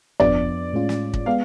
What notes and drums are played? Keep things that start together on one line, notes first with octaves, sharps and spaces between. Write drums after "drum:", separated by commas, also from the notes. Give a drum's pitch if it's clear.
F2 F3 B3 D4 D5, drum: tom F#1
A2 G#3 C#4 F4
drum: snare
drum: kick
G#3 B3 F5